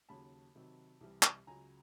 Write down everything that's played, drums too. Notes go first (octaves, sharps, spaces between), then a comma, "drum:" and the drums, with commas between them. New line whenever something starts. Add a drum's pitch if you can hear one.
D#2 C#3 F#3 A5 B5
C3 D#3 F#3
C2 C3 E3 G3
drum: clap
C#2 C#3 F#3 G#5 A#5